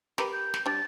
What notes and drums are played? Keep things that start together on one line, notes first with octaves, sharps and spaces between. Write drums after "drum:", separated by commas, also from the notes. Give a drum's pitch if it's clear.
G4 A#4 B4, drum: snare
G6
drum: snare
G3 D4 A6